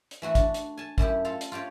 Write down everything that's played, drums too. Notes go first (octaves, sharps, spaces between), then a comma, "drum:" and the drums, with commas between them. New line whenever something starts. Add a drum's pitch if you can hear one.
drum: hi-hat
E3 A3 F#4
D4, drum: kick, hi-hat
drum: hi-hat
G#5 A5
F#2 A3 E4 G4, drum: kick
F4 A4 F5
drum: hi-hat
F4 G4 C#5 D5